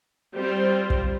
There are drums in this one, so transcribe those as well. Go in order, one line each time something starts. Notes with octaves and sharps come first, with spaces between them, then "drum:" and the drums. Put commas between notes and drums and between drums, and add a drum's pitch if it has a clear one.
G3 C4 F4 C5
drum: kick